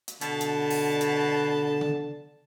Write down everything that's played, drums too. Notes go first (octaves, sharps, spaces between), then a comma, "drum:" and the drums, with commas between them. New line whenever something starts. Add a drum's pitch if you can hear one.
drum: hi-hat
B2 D3 A5, drum: hi-hat
drum: hi-hat
drum: open hi-hat
drum: hi-hat
drum: tom C#3